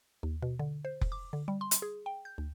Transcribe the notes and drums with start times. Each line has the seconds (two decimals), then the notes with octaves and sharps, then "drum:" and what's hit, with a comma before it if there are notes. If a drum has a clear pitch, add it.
0.23 D#2
0.42 B2
0.59 D3
0.85 C5
1.01 drum: kick F1
1.12 D6
1.33 D3
1.48 G3
1.61 C6
1.71 drum: hi-hat
1.82 G#4
2.06 G5
2.25 G6
2.38 D2